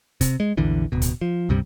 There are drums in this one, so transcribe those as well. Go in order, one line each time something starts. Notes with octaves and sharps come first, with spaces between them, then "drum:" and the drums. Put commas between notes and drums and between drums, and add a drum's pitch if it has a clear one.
C3, drum: kick, hi-hat
G#3
A#1 E2 D3 E3
D1 B2
drum: kick, hi-hat
F3
C#2 G2 C3 G3